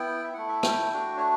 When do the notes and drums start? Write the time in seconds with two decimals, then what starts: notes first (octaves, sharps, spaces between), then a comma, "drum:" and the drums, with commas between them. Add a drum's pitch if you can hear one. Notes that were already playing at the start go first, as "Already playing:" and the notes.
Already playing: B3 E4 G5
0.24 E5
0.34 A3 E4 F#5
0.49 E5
0.63 G5, drum: rim click
0.93 A3 D4 F#4
1.18 C#5